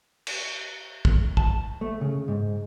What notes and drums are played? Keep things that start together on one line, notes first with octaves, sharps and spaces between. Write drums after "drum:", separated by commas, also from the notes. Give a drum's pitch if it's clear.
drum: cymbal
drum: kick
A5, drum: kick
A3
C#3
G#2